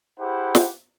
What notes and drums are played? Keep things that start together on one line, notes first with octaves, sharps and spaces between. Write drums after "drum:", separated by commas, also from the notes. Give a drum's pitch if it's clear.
E4 G4 G#4 B4 C5 F#5
drum: snare